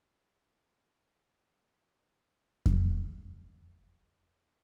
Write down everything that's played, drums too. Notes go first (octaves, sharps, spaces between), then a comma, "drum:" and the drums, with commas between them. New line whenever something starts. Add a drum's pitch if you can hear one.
C#2 C3 F4 F#5
drum: kick F2
G3